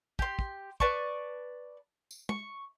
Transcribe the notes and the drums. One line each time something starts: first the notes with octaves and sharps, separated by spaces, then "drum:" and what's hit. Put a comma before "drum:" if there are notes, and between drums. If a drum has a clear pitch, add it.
G4 C6, drum: kick
drum: kick
B4 D5 A5 C#6, drum: kick
drum: tambourine
C#6, drum: tom